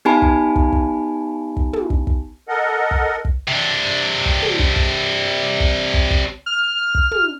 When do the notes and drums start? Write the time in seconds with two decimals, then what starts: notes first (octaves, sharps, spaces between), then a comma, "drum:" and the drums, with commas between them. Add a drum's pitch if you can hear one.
0.05 B3 D#4 G4 G#5 A5 B5
0.22 drum: kick
0.56 drum: kick
0.72 drum: kick
1.56 drum: kick
1.73 drum: tom
1.90 drum: kick
2.07 drum: kick
2.48 A4 A#4 D#5 F#5
2.91 drum: kick
3.25 drum: kick
3.48 C3 D4
4.26 drum: kick
4.42 drum: tom
4.59 drum: kick
4.76 drum: kick
5.60 drum: kick
5.94 drum: kick
6.11 drum: kick
6.46 F6
6.95 drum: kick
7.11 drum: tom